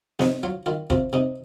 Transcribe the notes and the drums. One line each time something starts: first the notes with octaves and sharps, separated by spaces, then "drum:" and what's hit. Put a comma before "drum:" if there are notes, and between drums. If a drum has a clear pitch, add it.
C3 D#4, drum: snare
F#3 F4
D#3 F4
C3 F4, drum: kick
C3 D#4